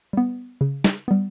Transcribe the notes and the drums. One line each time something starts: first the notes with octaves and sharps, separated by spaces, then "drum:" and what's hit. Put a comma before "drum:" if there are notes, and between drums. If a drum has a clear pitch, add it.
G3 B3
C#3
drum: snare
G3 B3